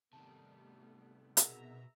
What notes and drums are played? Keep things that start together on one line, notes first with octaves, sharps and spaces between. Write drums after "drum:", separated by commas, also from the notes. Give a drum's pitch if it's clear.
C3 D#3 G3 A3 B3 A5
B2 G#4 A#4 E5 F#5 A#5, drum: hi-hat